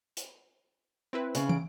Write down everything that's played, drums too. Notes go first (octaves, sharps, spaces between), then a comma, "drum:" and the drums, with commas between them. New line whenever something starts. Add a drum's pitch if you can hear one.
drum: hi-hat
C4 E4 B4
C#3, drum: hi-hat
D7, drum: tom